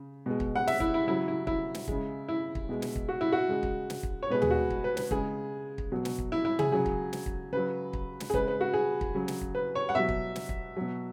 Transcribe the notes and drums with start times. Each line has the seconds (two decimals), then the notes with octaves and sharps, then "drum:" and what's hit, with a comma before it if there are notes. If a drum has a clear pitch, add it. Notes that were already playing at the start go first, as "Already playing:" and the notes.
Already playing: C#3
0.26 B2 G#3
0.40 drum: kick
0.55 F#5
0.67 E5, drum: snare
0.80 E4, drum: kick
0.94 E4
1.07 C#3 F#3 E4
1.28 E4
1.47 E4, drum: kick
1.75 drum: snare
1.88 C#3 G#3, drum: kick
2.29 E4
2.55 drum: kick
2.69 B2 G#3
2.82 drum: snare
2.96 drum: kick
3.09 F#4
3.21 E4
3.32 F#4
3.49 C#3 G#3
3.63 drum: kick
3.90 drum: snare
4.03 drum: kick
4.23 C#5
4.30 B2 G#3 B4
4.42 G#4, drum: tom D#2
4.50 F#4
4.71 drum: kick
4.84 B4
4.97 B4, drum: snare
5.11 C#3 G#3 G#4, drum: kick
5.78 drum: kick
5.92 B2 F#3
6.05 drum: snare
6.18 drum: kick
6.32 E4
6.45 E4
6.59 G#4, drum: tom
6.72 C#3 F#3 G#4
6.86 drum: kick
7.13 drum: snare
7.26 drum: kick
7.52 C#3 F#3 B4
7.93 drum: kick
8.20 drum: snare
8.30 G#4
8.34 C#3 G#3 B4, drum: kick
8.48 B4
8.61 F#4
8.74 G#4
9.01 drum: kick
9.14 C#3 F#3
9.28 drum: snare
9.41 drum: kick
9.55 B4
9.75 C#5
9.89 F#5
9.95 B2 F#3 E5
10.09 drum: kick
10.36 drum: snare
10.49 drum: kick
10.77 B2 F#3